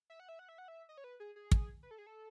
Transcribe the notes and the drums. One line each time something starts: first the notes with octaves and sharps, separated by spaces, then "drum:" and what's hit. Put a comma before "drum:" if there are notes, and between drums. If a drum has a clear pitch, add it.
E5
F#5
E5
F#5
E5
F#5
E5
D#5
C#5
B4
G#4
G#4
drum: kick
B4
A4
G#4
A4